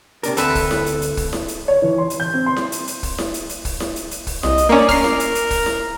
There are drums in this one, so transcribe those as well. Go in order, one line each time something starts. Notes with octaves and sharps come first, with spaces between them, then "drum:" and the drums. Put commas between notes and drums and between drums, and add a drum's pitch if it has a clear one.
C3 D4 A#4, drum: hi-hat
D2 C4 A4 B4 E5, drum: hi-hat
drum: kick, open hi-hat
drum: snare E4
drum: hi-hat
drum: hi-hat
drum: kick, open hi-hat
drum: snare E4
drum: hi-hat
C#5
E3
C6
drum: hi-hat
G6
C4
C6
drum: snare E4
drum: hi-hat
drum: hi-hat
drum: kick, open hi-hat
drum: snare E4
drum: hi-hat
drum: hi-hat
drum: kick, open hi-hat
drum: snare E4
drum: hi-hat
drum: hi-hat
drum: kick, open hi-hat
C2 D#5, drum: snare E4
drum: hi-hat
A#3 C#4 D5
A#4 F6 C7, drum: kick, open hi-hat
drum: snare E4
drum: hi-hat
drum: hi-hat
drum: kick, open hi-hat
drum: snare E4